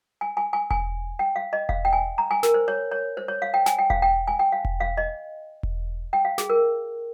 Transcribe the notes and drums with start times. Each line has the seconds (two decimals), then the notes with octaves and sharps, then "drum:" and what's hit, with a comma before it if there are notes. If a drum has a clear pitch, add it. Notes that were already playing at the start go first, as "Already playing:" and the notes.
0.21 G#5
0.37 G#5
0.53 G#5
0.70 G#5, drum: kick E1
1.19 G5
1.36 F5
1.53 D#5
1.69 F5, drum: kick E1
1.85 G5
1.93 G#5
2.18 A#5
2.31 G#5
2.43 A#4, drum: snare
2.54 C5
2.68 C#5
2.92 C#5
3.17 C5
3.28 C#5
3.42 F5
3.54 G5
3.66 G#5, drum: snare
3.79 G5
3.90 F5, drum: kick E1
4.02 G5
4.28 G#5
4.39 G5
4.52 F5
4.65 drum: kick E1
4.80 F5
4.97 D#5
5.63 drum: kick E1
6.13 G5
6.25 F5
6.38 G#4, drum: snare
6.50 A#4